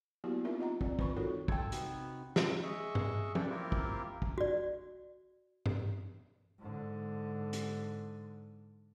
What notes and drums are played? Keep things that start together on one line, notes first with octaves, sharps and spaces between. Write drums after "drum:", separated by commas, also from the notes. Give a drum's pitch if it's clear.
F#3 A#3 B3 E4 F#4 G4
C4 D#4 F4 A#4 E5
D#5 F#5 A#5
C4 D5, drum: kick
D#3 F4 B4 B5 C#6, drum: kick
D#4 F#4 A4 A#4 C#5
A4 G5 G#6, drum: kick
C3 B3 D#4 F#4, drum: hi-hat
drum: snare
G#3 D#5 E5 C#6
drum: tom G2
D4 A4 D5 G5, drum: tom
A#3 C4 E4 F4 G4 A#4
drum: kick
drum: kick
F#4 D5
drum: tom G2
G#2 D3
drum: hi-hat